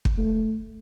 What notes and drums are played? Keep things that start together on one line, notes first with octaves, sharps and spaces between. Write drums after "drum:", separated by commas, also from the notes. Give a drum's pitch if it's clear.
drum: kick
A3